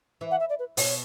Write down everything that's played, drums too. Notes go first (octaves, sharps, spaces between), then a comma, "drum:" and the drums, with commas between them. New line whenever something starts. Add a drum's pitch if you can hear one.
E3
F#5
E5
D5
B4
B2 C#5, drum: open hi-hat